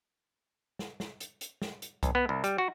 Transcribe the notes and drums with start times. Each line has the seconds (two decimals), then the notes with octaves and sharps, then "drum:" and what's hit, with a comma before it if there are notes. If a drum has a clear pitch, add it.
0.79 drum: snare
1.00 drum: snare
1.20 drum: hi-hat
1.41 drum: hi-hat
1.62 drum: snare
1.82 drum: hi-hat
2.03 B1, drum: kick C2, hi-hat
2.15 B3
2.29 C2
2.44 G3, drum: hi-hat
2.58 F#4